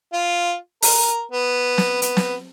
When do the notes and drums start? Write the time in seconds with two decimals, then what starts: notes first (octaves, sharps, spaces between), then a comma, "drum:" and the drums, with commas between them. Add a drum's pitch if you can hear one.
0.13 F4
0.82 A#4, drum: open hi-hat
1.31 B3
1.78 drum: snare
2.02 B3, drum: hi-hat
2.17 drum: snare